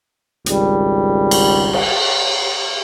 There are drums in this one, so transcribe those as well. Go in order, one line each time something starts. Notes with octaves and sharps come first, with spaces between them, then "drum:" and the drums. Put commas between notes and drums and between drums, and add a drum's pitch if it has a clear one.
G#1 C#2 G3, drum: hi-hat
drum: cymbal
drum: cymbal